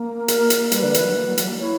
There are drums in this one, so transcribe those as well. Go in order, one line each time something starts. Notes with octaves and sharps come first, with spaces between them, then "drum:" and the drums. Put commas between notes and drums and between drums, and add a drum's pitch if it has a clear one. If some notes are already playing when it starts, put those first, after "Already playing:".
Already playing: A#3
A#4, drum: hi-hat
drum: hi-hat
G3 B4, drum: hi-hat
D3
E3, drum: hi-hat
F#3
A#3
F#3
F#3, drum: hi-hat
A#3
E4 C#5